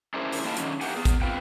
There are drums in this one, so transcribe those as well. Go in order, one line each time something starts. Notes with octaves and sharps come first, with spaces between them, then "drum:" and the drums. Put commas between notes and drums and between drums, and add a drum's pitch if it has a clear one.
C#4 D4 E4 G#4 A#4 C5
drum: open hi-hat
A#3 E4 D#5 F5 G5 A5
D3 D#3 F#3 C#4 F4, drum: hi-hat
E2 A#3 G4 F#5 G#5, drum: open hi-hat
B3 G#4
drum: kick A1, hi-hat
C4 F4 B4 F5 G5